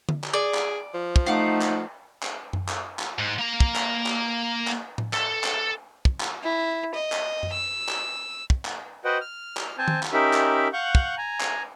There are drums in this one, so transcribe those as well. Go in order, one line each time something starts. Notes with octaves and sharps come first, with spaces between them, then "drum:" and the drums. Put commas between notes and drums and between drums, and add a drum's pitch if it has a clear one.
drum: tom D3
drum: clap
G#4 D5
drum: clap
F3
drum: kick
A3 D#4 F5 F#5 D6
drum: clap
drum: clap
drum: tom F#2
drum: clap
drum: clap
G#2
A#3 A#5
drum: kick
drum: clap
drum: clap
drum: clap
drum: tom A2
A4, drum: clap
drum: clap
drum: kick
drum: clap
E4
D#5
drum: clap
drum: tom F#2
E6
drum: clap
drum: kick
drum: clap
F#4 B4 C5 D#5 F#5 G5
F6
drum: clap
C4 C5 G#5 A5
drum: tom D#3
drum: clap
C#4 D#4 G4 A#4 E5 B5
drum: clap
F5 F#5 C#6 F#6 G6
drum: kick
G#5 A#5
drum: clap